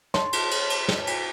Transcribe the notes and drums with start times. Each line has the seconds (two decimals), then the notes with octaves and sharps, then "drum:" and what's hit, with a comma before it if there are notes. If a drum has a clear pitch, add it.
0.14 C#5 A5 C6, drum: snare
0.33 drum: cymbal
0.51 drum: cymbal
0.70 drum: cymbal
0.88 drum: snare
1.07 drum: cymbal